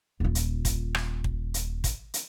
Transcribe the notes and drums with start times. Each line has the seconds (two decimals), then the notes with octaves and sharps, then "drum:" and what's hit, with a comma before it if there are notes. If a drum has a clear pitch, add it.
0.20 D#1 F4
0.35 drum: hi-hat
0.65 drum: kick, hi-hat
0.95 drum: rim click
1.24 drum: kick
1.54 drum: hi-hat
1.84 drum: kick, hi-hat
2.14 drum: hi-hat